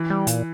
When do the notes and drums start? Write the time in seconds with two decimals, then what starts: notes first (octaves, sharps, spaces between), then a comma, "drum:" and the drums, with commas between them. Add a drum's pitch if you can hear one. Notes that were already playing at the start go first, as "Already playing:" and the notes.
Already playing: E3
0.10 G3
0.27 A#2, drum: hi-hat